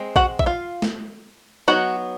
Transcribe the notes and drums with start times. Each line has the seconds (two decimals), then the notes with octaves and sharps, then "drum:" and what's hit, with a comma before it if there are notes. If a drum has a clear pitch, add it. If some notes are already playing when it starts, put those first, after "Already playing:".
Already playing: G#3 C4
0.16 F#4 F#5, drum: kick
0.39 E5, drum: kick
0.46 F4 F5
0.82 drum: snare
1.68 F#3 B3 D#4 F#4 F#5